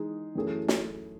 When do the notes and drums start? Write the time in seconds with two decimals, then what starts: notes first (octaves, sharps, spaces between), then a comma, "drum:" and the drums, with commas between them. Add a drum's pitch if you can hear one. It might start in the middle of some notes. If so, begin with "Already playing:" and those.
Already playing: E3 G#3 D#4 G#4
0.35 F#2 E3 A3 E4 G#4
0.68 drum: snare